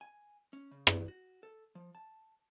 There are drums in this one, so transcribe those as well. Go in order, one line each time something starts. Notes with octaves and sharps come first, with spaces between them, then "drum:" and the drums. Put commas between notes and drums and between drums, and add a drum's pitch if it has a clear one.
G#5
C#4
C#3
drum: rim click
F#4
A4
F3
A5